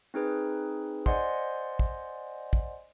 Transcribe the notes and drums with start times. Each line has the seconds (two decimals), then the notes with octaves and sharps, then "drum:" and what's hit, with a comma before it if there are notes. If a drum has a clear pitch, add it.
0.14 C4 D#4 G#4 B4
1.06 C5 D5 D#5 F#5 G#5 C6, drum: kick
1.79 drum: kick
2.53 drum: kick